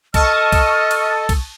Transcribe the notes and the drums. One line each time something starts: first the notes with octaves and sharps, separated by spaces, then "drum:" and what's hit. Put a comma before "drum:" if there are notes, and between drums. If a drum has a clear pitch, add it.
A4 D#5 A5 C#6 D#6 F6, drum: kick, cymbal
drum: kick, cymbal
drum: cymbal
drum: kick, cymbal